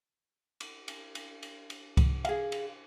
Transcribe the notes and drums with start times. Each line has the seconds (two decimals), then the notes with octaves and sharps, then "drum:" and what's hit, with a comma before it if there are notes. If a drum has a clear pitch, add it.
0.60 drum: cymbal
0.88 drum: cymbal
1.15 drum: cymbal
1.43 drum: cymbal
1.70 drum: cymbal
1.97 drum: kick C2, cymbal
2.25 G#4 F5, drum: cymbal
2.52 drum: cymbal